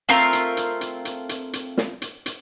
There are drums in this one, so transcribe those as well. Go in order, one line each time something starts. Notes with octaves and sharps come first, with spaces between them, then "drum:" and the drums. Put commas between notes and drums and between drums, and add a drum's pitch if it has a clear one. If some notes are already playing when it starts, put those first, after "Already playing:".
A3 C4 F4 A#4, drum: hi-hat
drum: hi-hat
drum: hi-hat
drum: hi-hat
drum: hi-hat
drum: hi-hat
drum: hi-hat
drum: snare
drum: hi-hat
drum: hi-hat